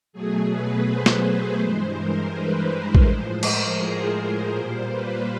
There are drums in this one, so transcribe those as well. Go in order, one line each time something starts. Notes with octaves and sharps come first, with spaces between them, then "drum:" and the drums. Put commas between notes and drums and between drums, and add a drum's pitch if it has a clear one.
B2 F#3 A3 G#4
B4
C5
drum: snare
G2 E3 G#3 C5
A#4
B4
drum: kick
A2 F3 G#3 C5
A#4, drum: cymbal
G#4
A#2 G3 A#3 C5
B4